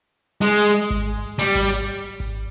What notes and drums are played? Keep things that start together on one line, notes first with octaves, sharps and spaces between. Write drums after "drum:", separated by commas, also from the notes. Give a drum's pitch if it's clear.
G#3
drum: hi-hat
drum: kick G#1, hi-hat
drum: open hi-hat
G3
drum: kick G#1, hi-hat
drum: kick G#1, hi-hat